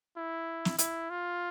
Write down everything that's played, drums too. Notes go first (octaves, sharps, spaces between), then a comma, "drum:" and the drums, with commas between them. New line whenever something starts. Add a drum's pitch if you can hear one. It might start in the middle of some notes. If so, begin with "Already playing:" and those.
E4
drum: snare
E4, drum: hi-hat
F4